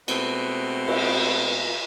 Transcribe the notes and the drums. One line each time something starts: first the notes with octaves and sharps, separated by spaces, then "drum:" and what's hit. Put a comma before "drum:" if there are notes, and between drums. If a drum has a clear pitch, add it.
B2 G#3 A3 B3 C4, drum: cymbal
drum: cymbal